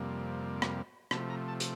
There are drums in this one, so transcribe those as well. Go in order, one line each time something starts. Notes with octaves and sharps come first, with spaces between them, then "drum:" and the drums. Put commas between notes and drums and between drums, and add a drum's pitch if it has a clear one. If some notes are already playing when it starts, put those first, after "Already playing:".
Already playing: F2 C3 G3 A#3
drum: rim click
C3 F3 A3 A5, drum: rim click
A#5
A5
drum: hi-hat